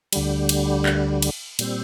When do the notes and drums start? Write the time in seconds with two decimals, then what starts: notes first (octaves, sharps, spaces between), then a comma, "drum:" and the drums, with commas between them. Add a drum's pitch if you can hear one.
0.13 D2 D3 G3, drum: cymbal
0.49 drum: cymbal
0.86 drum: clap
1.22 drum: cymbal
1.59 A#2 G3 C4, drum: cymbal